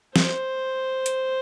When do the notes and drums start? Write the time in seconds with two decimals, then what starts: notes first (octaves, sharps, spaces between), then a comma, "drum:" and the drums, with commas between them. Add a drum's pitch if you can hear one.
0.16 C5, drum: snare
1.06 drum: hi-hat